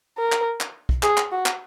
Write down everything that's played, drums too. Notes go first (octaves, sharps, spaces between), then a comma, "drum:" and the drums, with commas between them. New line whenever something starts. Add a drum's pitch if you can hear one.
A#4
drum: clap
drum: clap
drum: kick
G#4, drum: clap
drum: clap
F#4
drum: clap